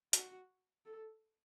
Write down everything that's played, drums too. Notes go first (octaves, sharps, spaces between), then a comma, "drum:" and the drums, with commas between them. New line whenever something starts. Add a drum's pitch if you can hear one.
F#4, drum: hi-hat
A4